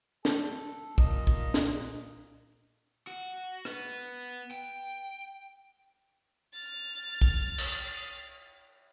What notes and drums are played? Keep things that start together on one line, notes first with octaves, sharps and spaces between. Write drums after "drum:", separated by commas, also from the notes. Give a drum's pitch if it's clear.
A4, drum: snare
A#2 D#4, drum: kick
drum: kick
drum: snare
F#4
B3, drum: rim click
G5
F6 A6
drum: kick
drum: cymbal